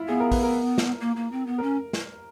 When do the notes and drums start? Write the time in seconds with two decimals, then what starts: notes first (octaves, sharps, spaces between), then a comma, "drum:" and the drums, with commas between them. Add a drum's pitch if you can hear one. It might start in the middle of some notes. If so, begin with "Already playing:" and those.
Already playing: E4 F4
0.08 B3 G#4
0.20 A#4
0.32 B4, drum: kick A1, open hi-hat
0.43 A#4
0.78 drum: snare
1.01 A#3
1.16 A#3
1.32 C4
1.47 B3
1.58 A#4
1.63 C#4
1.93 drum: snare